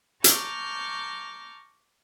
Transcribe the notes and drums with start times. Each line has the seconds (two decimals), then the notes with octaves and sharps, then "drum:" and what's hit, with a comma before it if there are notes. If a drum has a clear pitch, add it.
0.24 A5 A#5 C#6 D6 F6 G6, drum: hi-hat